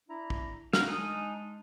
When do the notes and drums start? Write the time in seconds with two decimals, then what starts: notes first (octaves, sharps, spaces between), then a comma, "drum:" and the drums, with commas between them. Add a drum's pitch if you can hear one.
0.08 D4 E4 A#5
0.30 drum: kick
0.73 B3 D#4 F#4 A#4 F5, drum: snare
0.88 G#3 D4 D#4 G#5 D#6